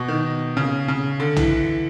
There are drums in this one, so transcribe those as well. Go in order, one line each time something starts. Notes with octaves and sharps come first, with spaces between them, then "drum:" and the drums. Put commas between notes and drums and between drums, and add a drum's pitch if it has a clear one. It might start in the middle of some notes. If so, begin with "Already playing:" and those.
Already playing: B2
D#3
C#3
C#3
D3
E3, drum: tom B1